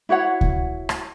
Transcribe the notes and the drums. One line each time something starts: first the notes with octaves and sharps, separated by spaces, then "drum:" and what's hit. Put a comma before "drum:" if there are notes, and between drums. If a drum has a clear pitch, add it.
E4 F#4 C#5 F#5
drum: kick C#2
drum: rim click